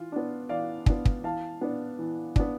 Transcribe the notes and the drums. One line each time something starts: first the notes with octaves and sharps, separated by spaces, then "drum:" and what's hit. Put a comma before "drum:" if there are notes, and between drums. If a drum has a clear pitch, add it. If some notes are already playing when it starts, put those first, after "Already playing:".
Already playing: E3 F4
B3 D4
E3 D5 F5
B3 D4, drum: kick
drum: kick
E3 F5 A5
B3 D4
E3
B3 D4, drum: kick